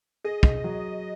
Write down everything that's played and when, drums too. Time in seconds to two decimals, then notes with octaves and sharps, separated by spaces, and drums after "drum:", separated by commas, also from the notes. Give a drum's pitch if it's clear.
0.24 G#4 D#5
0.43 drum: kick
0.64 F#3